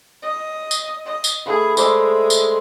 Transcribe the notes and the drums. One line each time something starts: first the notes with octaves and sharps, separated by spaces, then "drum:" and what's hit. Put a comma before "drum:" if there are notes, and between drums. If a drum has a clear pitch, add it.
D#5
drum: tambourine
D#5
drum: tambourine
A3 G#4 B4
G#3 C5 D5 E5, drum: tambourine
drum: tambourine